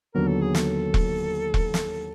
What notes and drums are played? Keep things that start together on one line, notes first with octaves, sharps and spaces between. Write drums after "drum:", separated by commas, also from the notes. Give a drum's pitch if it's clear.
D#2 D3 F#3 B3 A#4
A4
G#4
A4, drum: snare
drum: kick E1
drum: kick E1
drum: snare